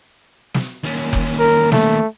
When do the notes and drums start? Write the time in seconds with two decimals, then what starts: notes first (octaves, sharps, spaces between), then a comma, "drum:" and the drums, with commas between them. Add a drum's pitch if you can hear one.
0.54 drum: snare
0.84 D#2 C#4
1.13 drum: kick F1
1.39 A#4
1.72 A3, drum: snare